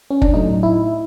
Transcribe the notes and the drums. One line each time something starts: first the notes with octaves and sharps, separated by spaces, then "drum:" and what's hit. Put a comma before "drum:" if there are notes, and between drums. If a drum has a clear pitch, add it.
C#4
D4, drum: kick
A2 F#3 A3 D#4
E4